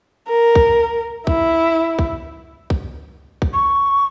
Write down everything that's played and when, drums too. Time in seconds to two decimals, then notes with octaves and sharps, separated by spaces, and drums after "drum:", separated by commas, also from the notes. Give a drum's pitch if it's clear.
0.28 A#4
0.55 drum: kick
1.27 E4, drum: kick
1.99 drum: kick
2.70 drum: kick
3.42 drum: kick
3.53 C#6